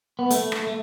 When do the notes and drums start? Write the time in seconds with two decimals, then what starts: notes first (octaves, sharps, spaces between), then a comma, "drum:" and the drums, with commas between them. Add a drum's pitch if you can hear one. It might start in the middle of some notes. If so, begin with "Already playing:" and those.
0.19 B3
0.30 A3, drum: hi-hat
0.52 drum: rim click
0.67 A3